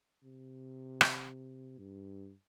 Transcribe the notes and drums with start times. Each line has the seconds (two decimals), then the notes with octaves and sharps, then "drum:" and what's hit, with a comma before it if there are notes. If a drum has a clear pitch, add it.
0.24 C3
1.01 drum: rim click
1.78 G2